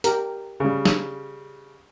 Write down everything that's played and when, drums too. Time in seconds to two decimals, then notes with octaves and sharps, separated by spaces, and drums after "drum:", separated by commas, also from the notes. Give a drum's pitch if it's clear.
0.04 G4 A#4, drum: hi-hat
0.60 C#3 G3
0.85 drum: snare